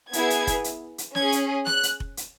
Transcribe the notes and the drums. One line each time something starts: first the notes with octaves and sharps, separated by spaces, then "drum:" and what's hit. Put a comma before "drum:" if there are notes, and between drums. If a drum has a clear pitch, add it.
B3 E4 G#4 G#6, drum: hi-hat
drum: hi-hat
drum: kick F1, hi-hat
drum: hi-hat
drum: hi-hat
C#4 G#6, drum: snare
G#4
drum: hi-hat
F#6, drum: snare
drum: hi-hat
drum: kick F1
drum: hi-hat